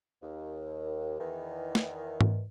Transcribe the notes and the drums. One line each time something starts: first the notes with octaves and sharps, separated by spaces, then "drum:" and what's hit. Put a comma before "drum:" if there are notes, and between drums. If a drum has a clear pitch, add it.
D#2
E2 D#3 E3
drum: snare
drum: tom G#2